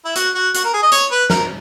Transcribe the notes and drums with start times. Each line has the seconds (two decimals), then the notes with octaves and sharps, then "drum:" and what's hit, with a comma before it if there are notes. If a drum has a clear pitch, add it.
0.05 E4
0.15 F#4, drum: hi-hat
0.35 F#4
0.54 F#4, drum: hi-hat
0.64 A#4
0.74 G#4
0.82 D#5
0.92 C#5, drum: hi-hat
1.11 B4
1.30 A#4, drum: snare